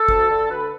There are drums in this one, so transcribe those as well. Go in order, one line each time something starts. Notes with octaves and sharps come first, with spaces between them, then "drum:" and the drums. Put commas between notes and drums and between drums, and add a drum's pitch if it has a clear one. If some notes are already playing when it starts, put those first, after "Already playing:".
Already playing: A4
D2, drum: kick
D3
D2 B4